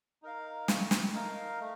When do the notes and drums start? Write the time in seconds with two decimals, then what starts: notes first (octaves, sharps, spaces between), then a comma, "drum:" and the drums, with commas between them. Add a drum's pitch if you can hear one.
0.23 D#4 A#4 F5
0.68 A3, drum: snare
0.91 drum: snare
1.14 D#4 A#4 F5
1.60 A3